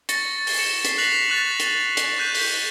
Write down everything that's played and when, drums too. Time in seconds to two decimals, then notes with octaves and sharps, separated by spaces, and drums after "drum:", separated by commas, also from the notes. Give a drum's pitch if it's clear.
0.09 C#6 A6 A#6 C#7, drum: hi-hat
0.47 drum: open hi-hat
0.58 C#7 E7
0.85 B6 C7, drum: hi-hat
0.98 F#6 A#6 B6 F7 F#7
1.30 C#6 F#6 A6 F#7
1.60 drum: hi-hat
1.97 drum: hi-hat
2.18 C#6 F#6 G6 B6 D#7
2.35 drum: open hi-hat